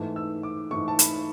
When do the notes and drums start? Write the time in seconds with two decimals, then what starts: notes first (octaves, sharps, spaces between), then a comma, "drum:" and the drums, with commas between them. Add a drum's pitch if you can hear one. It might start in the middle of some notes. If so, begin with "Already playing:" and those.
Already playing: G#2 E3 A3
0.16 E6
0.43 D6
0.71 G#2 E3 A3 C#6
0.88 A5
0.99 B5, drum: hi-hat